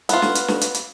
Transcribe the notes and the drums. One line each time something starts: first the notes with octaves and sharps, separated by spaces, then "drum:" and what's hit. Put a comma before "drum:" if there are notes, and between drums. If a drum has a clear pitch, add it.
B3 F4, drum: hi-hat
drum: snare
drum: hi-hat
drum: snare
drum: hi-hat
drum: hi-hat